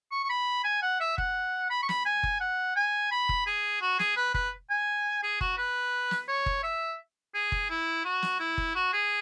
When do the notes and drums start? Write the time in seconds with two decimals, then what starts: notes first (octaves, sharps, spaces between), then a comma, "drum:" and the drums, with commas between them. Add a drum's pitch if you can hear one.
0.12 C#6
0.24 C#6
0.30 B5
0.64 G#5
0.82 F#5
1.00 E5
1.18 F#5, drum: kick F#1
1.70 B5
1.83 C#6
1.89 B5, drum: snare
2.06 G#5
2.23 drum: kick F#1
2.41 F#5
2.76 G#5
3.12 B5
3.29 drum: kick F#1
3.47 G#4
3.82 F#4
3.99 G#4, drum: snare
4.17 B4
4.34 B4, drum: kick F#1
4.70 G#5
5.23 G#4
5.41 F#4, drum: kick F#1
5.58 B4
6.11 drum: snare
6.29 C#5
6.46 drum: kick F#1
6.64 E5
7.35 G#4
7.52 drum: kick F#1
7.70 E4
8.05 F#4
8.22 drum: snare
8.40 E4
8.58 drum: kick F#1
8.75 F#4
8.93 G#4